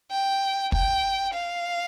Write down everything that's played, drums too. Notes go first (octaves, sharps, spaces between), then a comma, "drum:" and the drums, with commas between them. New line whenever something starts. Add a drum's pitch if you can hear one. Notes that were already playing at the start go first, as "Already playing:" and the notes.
G5
G5, drum: kick
F5